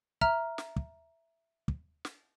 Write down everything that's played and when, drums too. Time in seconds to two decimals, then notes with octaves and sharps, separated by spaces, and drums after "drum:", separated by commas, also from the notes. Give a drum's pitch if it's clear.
0.21 E5 A#5 F6, drum: kick
0.58 drum: snare
0.76 drum: kick
1.68 drum: kick
2.05 drum: snare